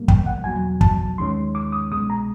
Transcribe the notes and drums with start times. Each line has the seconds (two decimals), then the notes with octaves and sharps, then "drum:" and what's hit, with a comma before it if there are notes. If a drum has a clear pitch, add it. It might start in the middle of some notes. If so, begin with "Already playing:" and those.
Already playing: B2 G3 A#3
0.08 G5, drum: kick
0.26 F#5
0.44 E2 B2 F#3 G#5
0.81 A5, drum: kick
1.18 D#2 D#3 G#3 C#4 C6
1.55 D6
1.72 D#6
1.91 C2 B2 G#3 D#6
2.10 A#5